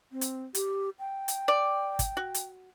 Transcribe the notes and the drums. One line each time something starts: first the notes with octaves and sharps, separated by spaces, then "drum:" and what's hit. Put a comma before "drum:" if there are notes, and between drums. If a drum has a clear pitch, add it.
C4
drum: hi-hat
G4, drum: hi-hat
G5
drum: hi-hat
D5
drum: kick, hi-hat
F#4
drum: hi-hat